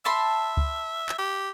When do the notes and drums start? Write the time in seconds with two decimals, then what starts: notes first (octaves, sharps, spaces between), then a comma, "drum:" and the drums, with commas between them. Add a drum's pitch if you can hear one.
0.05 E5 A5 B5 C6
0.57 drum: kick C#2
1.09 drum: clap
1.19 G4